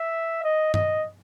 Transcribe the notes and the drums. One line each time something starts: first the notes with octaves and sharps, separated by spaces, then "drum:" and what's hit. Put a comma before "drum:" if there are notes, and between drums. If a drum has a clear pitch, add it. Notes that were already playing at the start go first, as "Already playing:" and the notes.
Already playing: E5
D#5
D#5, drum: tom G2